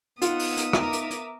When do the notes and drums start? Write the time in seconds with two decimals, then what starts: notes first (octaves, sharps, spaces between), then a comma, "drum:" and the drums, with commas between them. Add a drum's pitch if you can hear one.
0.22 B3 D#4 F4 F#5 D#6 E6, drum: hi-hat
0.39 drum: open hi-hat
0.57 drum: hi-hat
0.73 A#4 E5 D6, drum: rim click
0.93 drum: hi-hat
1.11 drum: hi-hat